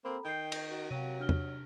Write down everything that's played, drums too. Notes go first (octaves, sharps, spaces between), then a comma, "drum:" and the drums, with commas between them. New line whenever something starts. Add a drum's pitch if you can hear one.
A#3 C4 A4 A#5 B5
D#3 G5 G6 C7
drum: cymbal
F#4
C3 F#3 F5 G5 D#7
D4 F6 G7
drum: tom